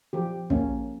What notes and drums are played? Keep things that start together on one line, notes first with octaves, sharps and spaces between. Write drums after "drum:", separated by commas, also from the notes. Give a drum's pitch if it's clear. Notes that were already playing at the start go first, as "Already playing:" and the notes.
F3 G4
A#3 C#4, drum: kick